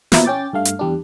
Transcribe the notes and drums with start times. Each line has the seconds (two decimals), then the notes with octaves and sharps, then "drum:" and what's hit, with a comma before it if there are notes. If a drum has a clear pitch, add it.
0.12 B2 F3 A#3 E4 A#4, drum: snare
0.25 C#4 G5 D6 A6
0.53 G2 A3 F5
0.65 drum: hi-hat
0.79 E2 G3 D4